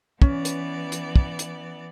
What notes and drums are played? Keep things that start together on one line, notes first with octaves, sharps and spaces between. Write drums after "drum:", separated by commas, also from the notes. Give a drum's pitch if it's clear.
E3 B3 C#4 D5, drum: kick
drum: hi-hat
drum: hi-hat
drum: kick
drum: hi-hat